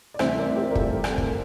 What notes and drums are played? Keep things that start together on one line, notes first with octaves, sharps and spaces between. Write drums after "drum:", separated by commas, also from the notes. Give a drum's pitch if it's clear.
D5
D2 C3 E3 G3 C4 C5 E5, drum: rim click
A#4 D5
G4 A#4
A#4
F4 A4, drum: kick
drum: rim click
drum: kick